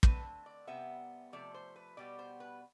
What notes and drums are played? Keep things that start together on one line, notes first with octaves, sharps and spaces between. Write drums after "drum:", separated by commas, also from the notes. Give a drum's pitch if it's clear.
D3 A3 C4 B4, drum: kick
D5
C3 G3 B3 E5
C3 F3 A3 D5
C5
B4
B2 G3 B3 D5
C5
B4